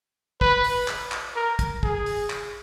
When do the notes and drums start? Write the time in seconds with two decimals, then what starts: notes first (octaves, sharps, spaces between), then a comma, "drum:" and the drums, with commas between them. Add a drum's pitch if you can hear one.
0.41 B4, drum: kick
0.64 drum: open hi-hat
0.88 drum: clap
1.12 drum: clap
1.36 A#4
1.59 drum: kick, hi-hat
1.83 G#4, drum: kick
2.06 drum: open hi-hat
2.30 drum: clap